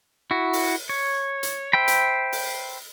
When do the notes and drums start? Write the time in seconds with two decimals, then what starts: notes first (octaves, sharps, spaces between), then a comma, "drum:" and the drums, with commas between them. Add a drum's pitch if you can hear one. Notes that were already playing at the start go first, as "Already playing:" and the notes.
0.31 E4 F#4
0.53 drum: open hi-hat
0.89 C#5
1.43 drum: hi-hat
1.73 C5 E5 G5 B5
1.88 drum: hi-hat
2.32 drum: open hi-hat